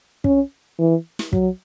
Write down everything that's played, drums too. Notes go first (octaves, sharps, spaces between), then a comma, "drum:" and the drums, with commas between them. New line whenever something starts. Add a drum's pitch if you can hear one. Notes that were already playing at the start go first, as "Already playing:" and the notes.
C#4, drum: kick
E3
drum: snare
F#3, drum: kick